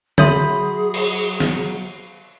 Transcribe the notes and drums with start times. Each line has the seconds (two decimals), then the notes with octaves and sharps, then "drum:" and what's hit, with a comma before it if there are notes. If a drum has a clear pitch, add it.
0.18 F#3 G#4 C#5 E5 B5 C6 D#6, drum: tom D3
0.94 drum: cymbal
1.40 drum: snare